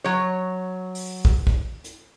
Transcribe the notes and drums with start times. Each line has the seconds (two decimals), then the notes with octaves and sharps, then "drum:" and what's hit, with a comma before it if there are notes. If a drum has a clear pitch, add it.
0.04 F#3 C#5
0.95 drum: open hi-hat
1.25 drum: kick
1.47 drum: kick
1.85 drum: hi-hat